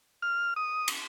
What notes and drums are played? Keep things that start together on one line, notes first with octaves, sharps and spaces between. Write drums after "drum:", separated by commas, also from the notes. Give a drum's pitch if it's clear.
F6
D#6
drum: cymbal